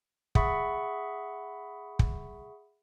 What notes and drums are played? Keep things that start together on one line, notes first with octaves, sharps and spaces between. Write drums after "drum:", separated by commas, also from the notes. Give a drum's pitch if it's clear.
G#4 E5 F#5 B5 C#6, drum: kick
drum: kick